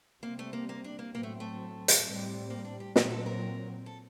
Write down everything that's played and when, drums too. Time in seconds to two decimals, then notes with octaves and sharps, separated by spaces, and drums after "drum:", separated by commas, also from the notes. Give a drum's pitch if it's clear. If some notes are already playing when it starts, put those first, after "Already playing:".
0.23 C3 G3 A#3 C4
0.39 A3
0.53 A#3
0.69 A#3
0.84 D4
0.99 A#3
1.13 A2 F#3 A#3 C4
1.23 A3
1.40 A3
1.88 drum: hi-hat
2.04 A2 G3 C4
2.50 A#3
2.65 D4
2.80 G4
2.96 A#2 F#3 C4 G4, drum: snare
3.11 A4
3.26 A#4
3.86 A4